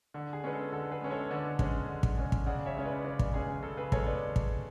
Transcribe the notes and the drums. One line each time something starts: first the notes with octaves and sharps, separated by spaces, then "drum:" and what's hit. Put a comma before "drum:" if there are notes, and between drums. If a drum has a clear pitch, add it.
D3
G#4
G#3 C#4 B4
A4
D3 A4
G#4 B4
G#3 C#4
A4 C#5
D3 B4 D5
G#3 C#4, drum: kick
D3
drum: kick
G#3 C#4
drum: kick
C#3 D5 F#5
C#5 E5
G#3 C#4
B4 D5
C#3 B4 D5
drum: kick
G#3 C#4 G#4
G#4
C#3 A4
G#4 B4
G#3 C#4 A4 C#5, drum: kick
B4 D5
drum: kick